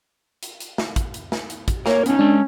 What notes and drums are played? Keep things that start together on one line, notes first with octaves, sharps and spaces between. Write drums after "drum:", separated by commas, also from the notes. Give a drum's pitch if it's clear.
drum: hi-hat
drum: hi-hat
drum: snare
drum: kick, hi-hat
drum: hi-hat
drum: snare
drum: hi-hat
drum: kick, hi-hat
A#3 A#4 C#5, drum: snare
B3 C#4 D#4, drum: hi-hat
G#3 D4 A5